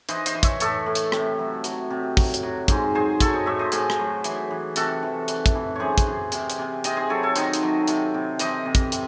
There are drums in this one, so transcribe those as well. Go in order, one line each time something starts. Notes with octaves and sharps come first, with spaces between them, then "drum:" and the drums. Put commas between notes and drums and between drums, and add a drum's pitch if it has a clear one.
E3 C5 D#5, drum: hi-hat
C5 D#5, drum: hi-hat
E3
C#5 E5, drum: kick, hi-hat
A2 A4 C#5, drum: hi-hat
A2
drum: hi-hat
C3, drum: rim click
F#3
F#3, drum: hi-hat
C3
F#3, drum: kick, open hi-hat
drum: hi-hat
F#3
G#2 G#4 C5, drum: kick, hi-hat
F#3 G#4 C5
F#3 A4 C#5, drum: kick, hi-hat
C5 D#5
A2 C#5 E5
C5 D#5
A2 G#4 C5, drum: hi-hat
drum: rim click
F#3
E3, drum: hi-hat
E3
C3 F#4 A4, drum: hi-hat
E3
E3, drum: hi-hat
drum: kick, hi-hat
E3
F#2 G#4 C5 C#5
drum: kick, hi-hat
E3
C3, drum: hi-hat
drum: hi-hat
C3
C3 C5 D#5, drum: hi-hat
G#4 C5
F#3 A4 C#5
A4 C#5
D#3 C5 D#5, drum: hi-hat
drum: hi-hat
F#3
C3, drum: hi-hat
C3
E3 C5 D#5, drum: hi-hat
C3
drum: kick, hi-hat
C3, drum: hi-hat